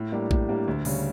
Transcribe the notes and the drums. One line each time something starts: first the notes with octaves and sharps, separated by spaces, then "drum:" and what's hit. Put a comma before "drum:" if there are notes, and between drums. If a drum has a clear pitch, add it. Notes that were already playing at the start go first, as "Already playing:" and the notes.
Already playing: A2
G3 A#3 D4 G4
A2, drum: kick A#1
G3 A#3 D4 G4
D2
C#3 G3, drum: open hi-hat